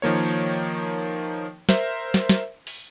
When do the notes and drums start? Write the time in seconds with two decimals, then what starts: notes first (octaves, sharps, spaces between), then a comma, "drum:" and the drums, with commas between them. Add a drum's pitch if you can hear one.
0.02 D#3 F3 A#3 C#5
1.69 A#4 C5 E5, drum: snare
2.14 drum: snare
2.29 drum: snare
2.67 drum: open hi-hat